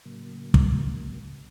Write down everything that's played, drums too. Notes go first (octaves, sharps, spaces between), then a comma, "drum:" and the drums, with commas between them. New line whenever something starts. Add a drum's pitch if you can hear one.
A2 C#3 F#3 A#3
drum: kick